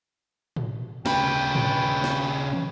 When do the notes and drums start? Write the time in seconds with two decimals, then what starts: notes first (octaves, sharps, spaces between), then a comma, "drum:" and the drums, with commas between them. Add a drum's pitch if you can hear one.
0.56 drum: tom
1.06 C#3 B4 G5, drum: snare
1.55 drum: tom
2.04 drum: snare
2.53 drum: tom